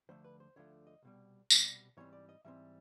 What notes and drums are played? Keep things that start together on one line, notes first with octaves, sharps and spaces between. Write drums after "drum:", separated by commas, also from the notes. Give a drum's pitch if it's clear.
D2 D3 F3 A3 C5
B4
C5
D2 D3 F3 A3 C#5
D#5
C2 B2 G3
C2 B2 G3, drum: tambourine
G#2 E3 G3 C4 C#5
D5
D#5
G#2 E3 G3 C4 E5